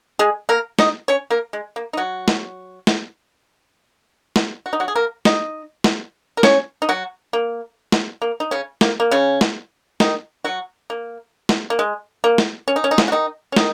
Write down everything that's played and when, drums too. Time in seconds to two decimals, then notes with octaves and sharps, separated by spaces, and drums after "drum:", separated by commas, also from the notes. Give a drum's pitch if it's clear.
0.19 G#3 G#4
0.49 A#3 A#4
0.79 D#4 D#5, drum: snare
1.08 C#4 C#5
1.30 A#3 A#4
1.53 G#3
1.76 A#3
1.93 D#4
1.97 F#3 F#4
2.28 drum: snare
2.87 drum: snare
4.36 drum: snare
4.66 F#4
4.73 D#4
4.80 F#3 F#4
4.88 G#4
4.95 A#3 A#4
5.25 D#4 D#5, drum: snare
5.84 drum: snare
6.37 A#4
6.43 C#4 C#5, drum: snare
6.82 D#4
6.89 F#3 F#4
7.33 A#3
7.92 drum: snare
8.22 A#3
8.40 D#4
8.51 C#3 C#4
8.81 A#3, drum: snare
9.00 A#3
9.11 C#3 C#4
9.41 drum: snare
10.00 D#3 D#4, drum: snare
10.44 F#3 F#4
10.90 A#3
11.49 drum: snare
11.70 A#3
11.79 G#3
12.24 A#3
12.38 drum: snare
12.68 C#4
12.76 D#4
12.84 C#4
12.91 D#4
12.98 C#3 C#4, drum: snare
13.08 F#4
13.12 D#3 D#4
13.52 C#4
13.56 D#3 D#4, drum: snare